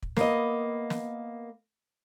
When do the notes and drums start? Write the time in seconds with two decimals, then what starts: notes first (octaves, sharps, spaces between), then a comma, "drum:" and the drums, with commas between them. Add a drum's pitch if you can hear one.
0.03 drum: kick
0.16 A#3 B3 D#5, drum: snare
0.90 drum: snare